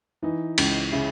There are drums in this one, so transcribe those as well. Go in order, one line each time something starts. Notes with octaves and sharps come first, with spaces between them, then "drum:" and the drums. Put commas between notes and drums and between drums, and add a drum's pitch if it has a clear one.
E3 D#4
C#2, drum: cymbal
C#3 E4